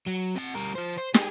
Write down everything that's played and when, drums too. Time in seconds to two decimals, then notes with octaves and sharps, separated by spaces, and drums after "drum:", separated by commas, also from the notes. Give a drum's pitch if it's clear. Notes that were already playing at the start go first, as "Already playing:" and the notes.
0.07 F#3
0.36 C3 F#5
0.55 G3 A#4
0.75 F3 C5
0.98 C5
1.14 G4 G#4, drum: snare